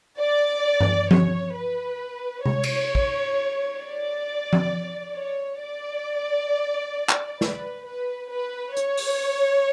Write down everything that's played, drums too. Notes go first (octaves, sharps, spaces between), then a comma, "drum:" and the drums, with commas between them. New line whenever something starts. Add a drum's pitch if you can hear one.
D5
drum: tom G2
C#5, drum: tom F3
B4
C#5, drum: tom C3
drum: cymbal
drum: kick
D5
drum: tom F3
C#5
D5
drum: clap
B4, drum: snare
B4
B4
C#5, drum: hi-hat
drum: open hi-hat